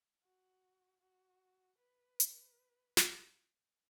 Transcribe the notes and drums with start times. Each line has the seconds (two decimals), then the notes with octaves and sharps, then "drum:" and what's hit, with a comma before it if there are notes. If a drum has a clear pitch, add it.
0.24 F#4
1.01 F#4
1.79 B4
2.20 drum: hi-hat
2.97 drum: snare